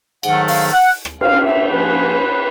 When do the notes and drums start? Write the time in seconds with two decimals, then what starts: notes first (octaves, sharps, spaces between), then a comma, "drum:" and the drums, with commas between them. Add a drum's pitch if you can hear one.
0.23 G#2 D#3 F#3 A3 F#5, drum: cymbal
0.48 F5, drum: open hi-hat
0.72 F#5
1.05 drum: rim click
1.21 F5, drum: cymbal
1.45 E5
1.70 G#2 F3 A#3 C#4 B4